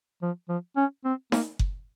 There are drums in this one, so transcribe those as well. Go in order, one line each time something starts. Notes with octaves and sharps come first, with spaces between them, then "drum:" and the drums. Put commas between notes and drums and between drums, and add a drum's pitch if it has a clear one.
F3
F3
C#4
C4
A#3, drum: snare D#4
drum: kick F#1